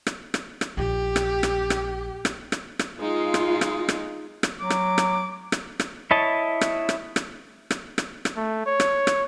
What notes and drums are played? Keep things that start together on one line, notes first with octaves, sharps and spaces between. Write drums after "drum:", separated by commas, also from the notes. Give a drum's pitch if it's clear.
drum: rim click
drum: rim click
drum: rim click
A#1 G4
drum: rim click
drum: rim click
drum: rim click
drum: rim click
drum: rim click
drum: rim click
G#3 D#4 F4
drum: rim click
drum: rim click
drum: rim click
drum: rim click
F#3 D6
drum: rim click
drum: rim click
drum: rim click
drum: rim click
E4 C#5 D#5 A5
drum: rim click
drum: rim click
drum: rim click
drum: rim click
drum: rim click
drum: rim click
A3
C#5
drum: rim click
drum: rim click